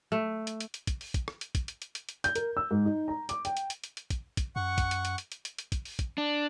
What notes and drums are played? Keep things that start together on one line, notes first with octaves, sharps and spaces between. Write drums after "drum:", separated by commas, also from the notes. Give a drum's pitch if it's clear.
A3
drum: hi-hat
drum: hi-hat
drum: hi-hat
drum: kick, hi-hat
drum: open hi-hat
drum: kick, hi-hat
drum: rim click
drum: hi-hat
drum: kick, hi-hat
drum: hi-hat
drum: hi-hat
drum: hi-hat
drum: hi-hat
G6, drum: hi-hat
A#4, drum: hi-hat
E6
G#2
D#4
A#5
D6, drum: hi-hat
G5, drum: hi-hat
drum: hi-hat
drum: hi-hat
drum: hi-hat
drum: hi-hat
drum: kick, hi-hat
drum: kick, hi-hat
F#2 F#5 C#6
drum: kick, hi-hat
drum: hi-hat
drum: hi-hat
drum: hi-hat
drum: hi-hat
drum: hi-hat
drum: hi-hat
drum: kick, hi-hat
drum: open hi-hat
drum: kick, hi-hat
D4